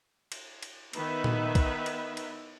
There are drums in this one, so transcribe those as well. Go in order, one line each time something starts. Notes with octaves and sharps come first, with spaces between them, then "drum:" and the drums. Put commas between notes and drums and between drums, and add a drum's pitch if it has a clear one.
drum: cymbal
drum: cymbal
D#3 B3 D#4 B4 E5 B5, drum: cymbal
drum: tom A#2
drum: kick, cymbal
drum: cymbal
drum: cymbal